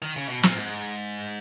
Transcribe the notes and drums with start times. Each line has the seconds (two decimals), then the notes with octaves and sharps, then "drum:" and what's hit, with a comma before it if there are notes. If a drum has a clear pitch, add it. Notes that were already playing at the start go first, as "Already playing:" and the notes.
0.02 D#3
0.16 C#3
0.29 B2
0.43 A#2, drum: snare
0.56 G#2